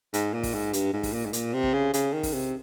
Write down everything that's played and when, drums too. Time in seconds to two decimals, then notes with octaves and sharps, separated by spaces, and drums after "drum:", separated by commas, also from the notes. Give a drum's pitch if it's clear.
0.14 G#2, drum: hi-hat
0.33 A#2
0.43 drum: kick, open hi-hat
0.54 G#2
0.73 G2, drum: hi-hat
0.93 G#2
1.03 drum: kick, open hi-hat
1.13 A#2
1.26 G#2
1.33 A#2, drum: hi-hat
1.53 C3
1.63 drum: kick
1.74 C#3
1.94 C#3, drum: hi-hat
2.13 D#3
2.23 drum: kick, open hi-hat
2.33 C3